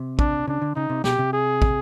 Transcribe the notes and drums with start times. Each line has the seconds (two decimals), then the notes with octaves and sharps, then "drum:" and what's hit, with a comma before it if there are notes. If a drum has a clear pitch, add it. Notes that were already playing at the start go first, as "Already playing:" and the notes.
Already playing: C3
0.19 D4, drum: kick
0.47 C#3 D4
0.62 D3
0.76 C#3 D#4
0.90 C3
1.04 B2 G4, drum: snare
1.19 C3
1.33 G#4
1.62 drum: kick